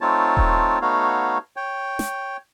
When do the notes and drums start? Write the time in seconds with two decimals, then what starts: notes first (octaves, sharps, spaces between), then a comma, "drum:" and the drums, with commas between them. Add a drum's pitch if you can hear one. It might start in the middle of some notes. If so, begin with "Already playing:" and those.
0.01 A3 C4 D#4 F4 C#5 A5
0.37 drum: kick D#1
0.81 A3 B3 D#4 F#4 C#5 F5
1.56 C#5 G5
1.99 drum: snare